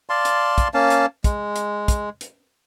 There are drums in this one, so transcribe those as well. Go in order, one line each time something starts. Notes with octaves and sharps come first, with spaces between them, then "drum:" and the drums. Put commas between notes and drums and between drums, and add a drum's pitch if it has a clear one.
D5 F5 A5 C6
drum: hi-hat
drum: kick, hi-hat
A#3 C#4 F5 A5
drum: hi-hat
G#3, drum: kick, hi-hat
drum: hi-hat
drum: kick, hi-hat
drum: hi-hat